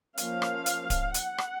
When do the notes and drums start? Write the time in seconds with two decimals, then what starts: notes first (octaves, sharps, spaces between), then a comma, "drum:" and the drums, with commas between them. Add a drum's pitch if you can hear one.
0.17 F3 A#3 C#4 F5, drum: hi-hat
0.42 drum: rim click
0.66 drum: hi-hat
0.90 drum: kick D1, hi-hat
1.14 F#5, drum: hi-hat
1.38 drum: rim click